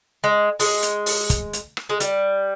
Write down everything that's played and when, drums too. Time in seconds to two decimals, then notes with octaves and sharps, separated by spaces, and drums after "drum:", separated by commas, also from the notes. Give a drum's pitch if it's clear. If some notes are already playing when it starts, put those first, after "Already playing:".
0.24 G#3
0.60 G#3, drum: open hi-hat
0.83 drum: hi-hat
1.06 drum: open hi-hat
1.30 drum: kick, hi-hat
1.53 drum: hi-hat
1.77 drum: rim click
1.89 G#3
2.00 G3, drum: hi-hat